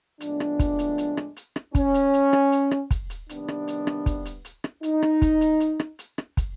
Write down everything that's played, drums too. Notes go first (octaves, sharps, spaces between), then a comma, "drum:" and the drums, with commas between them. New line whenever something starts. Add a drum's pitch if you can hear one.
A2 F3 G#3 B3 D4, drum: hi-hat
drum: rim click
drum: kick, hi-hat
drum: hi-hat
drum: hi-hat
drum: rim click
drum: hi-hat
drum: rim click
C#4, drum: kick, hi-hat
drum: hi-hat
drum: hi-hat
drum: rim click
drum: hi-hat
drum: rim click
drum: kick, hi-hat
drum: hi-hat
C3 D#3 G3 B3 D4, drum: hi-hat
drum: rim click
drum: hi-hat
drum: rim click
drum: kick, hi-hat
drum: hi-hat
drum: hi-hat
drum: rim click
D#4, drum: hi-hat
drum: rim click
drum: kick, hi-hat
drum: hi-hat
drum: hi-hat
drum: rim click
drum: hi-hat
drum: rim click
drum: kick, hi-hat